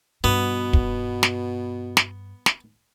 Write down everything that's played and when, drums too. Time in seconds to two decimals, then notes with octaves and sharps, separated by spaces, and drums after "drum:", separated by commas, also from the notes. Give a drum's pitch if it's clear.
0.24 G2 B2 B3
0.73 drum: kick
1.23 drum: snare
1.97 drum: snare
2.46 drum: snare